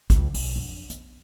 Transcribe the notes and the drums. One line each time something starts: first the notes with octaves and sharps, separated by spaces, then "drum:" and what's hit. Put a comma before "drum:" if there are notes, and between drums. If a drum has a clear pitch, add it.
C#2 F#3, drum: kick G#1, hi-hat
B1, drum: open hi-hat
F2 D4
B3, drum: hi-hat